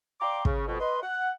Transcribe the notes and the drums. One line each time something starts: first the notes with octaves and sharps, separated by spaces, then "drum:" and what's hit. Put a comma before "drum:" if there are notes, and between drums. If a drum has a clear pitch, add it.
D5 F5 G5 A#5 C6 D6
C#3, drum: kick
F2 B2
B4 D#5 C6
F#5